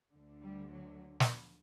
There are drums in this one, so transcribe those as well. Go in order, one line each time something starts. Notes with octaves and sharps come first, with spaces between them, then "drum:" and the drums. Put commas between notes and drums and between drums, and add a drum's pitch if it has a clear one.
D2 D3
G3
F#3
drum: snare